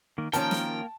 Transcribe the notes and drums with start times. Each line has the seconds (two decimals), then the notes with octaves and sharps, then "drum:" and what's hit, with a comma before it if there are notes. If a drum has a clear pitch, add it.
0.18 D#3 A#3
0.33 D#3 F3 A#3 C#4 A#4 G5 A5, drum: hi-hat
0.51 drum: snare